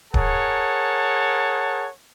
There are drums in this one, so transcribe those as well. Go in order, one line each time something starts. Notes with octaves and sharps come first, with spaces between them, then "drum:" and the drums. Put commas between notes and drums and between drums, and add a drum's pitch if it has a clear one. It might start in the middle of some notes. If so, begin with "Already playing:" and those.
G#4 A#4 C#5 F#5 A5, drum: kick D1